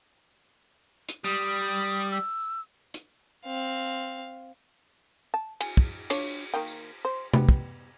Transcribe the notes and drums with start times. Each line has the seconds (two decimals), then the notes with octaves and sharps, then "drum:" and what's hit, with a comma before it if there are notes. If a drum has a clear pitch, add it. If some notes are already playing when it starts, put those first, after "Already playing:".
1.09 drum: hi-hat
1.24 G3 D#6
2.11 E6
2.94 drum: hi-hat
3.46 C4 F5
5.34 A5
5.61 G#5, drum: cymbal
5.77 drum: kick
6.10 D4 F4 C#5, drum: cymbal
6.54 D#3 A#3 G5
6.68 drum: tambourine
7.05 C5
7.34 G3 B3 G4, drum: tom C3
7.49 drum: kick